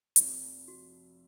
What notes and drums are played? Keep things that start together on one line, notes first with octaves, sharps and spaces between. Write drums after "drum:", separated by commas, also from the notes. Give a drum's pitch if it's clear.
F1 F2 F3, drum: hi-hat
F#4